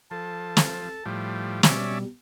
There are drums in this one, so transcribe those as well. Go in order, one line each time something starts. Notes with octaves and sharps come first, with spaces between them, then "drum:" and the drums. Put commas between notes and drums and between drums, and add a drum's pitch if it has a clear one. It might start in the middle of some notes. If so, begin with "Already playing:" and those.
F3 A4 A5
drum: snare
A2 F3 G3
B2 G3 C#4 D5 E5, drum: snare